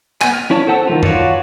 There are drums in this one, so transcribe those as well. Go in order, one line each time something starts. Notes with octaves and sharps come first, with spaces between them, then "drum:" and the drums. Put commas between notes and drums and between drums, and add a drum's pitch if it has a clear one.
B3 G#5, drum: clap
F6
C#4 E4 C#5 D5 A5
A4 C5 F#5 A5 E6
D#3 G3 F4
F4 F#4 B4 C#5 D5, drum: tom F#2